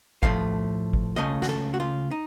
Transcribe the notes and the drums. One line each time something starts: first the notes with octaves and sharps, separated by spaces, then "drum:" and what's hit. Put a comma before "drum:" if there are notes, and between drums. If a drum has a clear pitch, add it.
A2 F3 A3 F5, drum: kick G1
drum: kick G1
C#2 C#3 A3 C#4 D#5
F#4, drum: snare
A4
F#4
F4
D#4